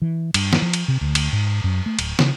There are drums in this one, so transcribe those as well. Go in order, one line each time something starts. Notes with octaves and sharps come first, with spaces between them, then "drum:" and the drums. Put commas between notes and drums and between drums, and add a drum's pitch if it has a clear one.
E3
G2, drum: cymbal
drum: snare
F3
drum: cymbal
C3
D2
drum: cymbal
G#2
F#2
A3
D1, drum: cymbal
C#3, drum: snare